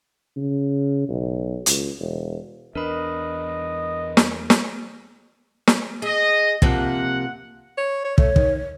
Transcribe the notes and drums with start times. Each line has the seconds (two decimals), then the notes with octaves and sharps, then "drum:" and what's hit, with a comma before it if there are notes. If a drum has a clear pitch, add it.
0.36 C#3
1.09 B1
1.66 C#2, drum: hi-hat
1.99 E1
2.75 E2 D4 A#4 B4 D#5 B5
4.17 drum: snare
4.50 drum: snare
5.67 drum: snare
6.02 G#4 D#5
6.62 C3 F3 A#3 F#5, drum: kick
7.78 C#5
8.04 C#5
8.18 A3 C#5, drum: kick
8.36 D#3, drum: kick